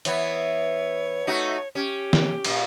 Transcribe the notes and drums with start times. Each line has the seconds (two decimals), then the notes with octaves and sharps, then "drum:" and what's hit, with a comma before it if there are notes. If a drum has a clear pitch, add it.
0.05 E3 B3 C#5, drum: hi-hat
1.27 A3 D#4 F#4
1.75 C#4 G4
2.13 drum: snare
2.44 F#2 A#2, drum: cymbal